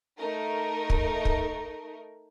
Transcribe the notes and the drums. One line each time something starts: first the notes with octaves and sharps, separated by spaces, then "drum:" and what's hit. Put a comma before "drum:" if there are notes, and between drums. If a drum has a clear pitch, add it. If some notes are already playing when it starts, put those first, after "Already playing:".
A3 D#4 A#4
drum: kick
drum: kick